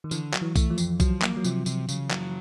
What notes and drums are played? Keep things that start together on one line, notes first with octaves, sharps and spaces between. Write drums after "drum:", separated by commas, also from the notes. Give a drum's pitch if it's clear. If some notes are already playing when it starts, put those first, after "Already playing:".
D#3
D3 E3, drum: tambourine
F#3, drum: clap
E3
A3, drum: kick, tambourine
F3
F2, drum: tambourine
F3 F#3, drum: kick, tambourine
A#3, drum: clap
F#3
C3 F3, drum: tambourine
C3, drum: tambourine
C#3, drum: tambourine
F#3, drum: clap